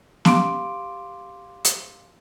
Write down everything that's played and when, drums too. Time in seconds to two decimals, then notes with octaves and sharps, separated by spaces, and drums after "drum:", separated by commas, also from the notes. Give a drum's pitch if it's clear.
0.25 G4 F5 C6 D6 D7, drum: snare B3
1.65 drum: hi-hat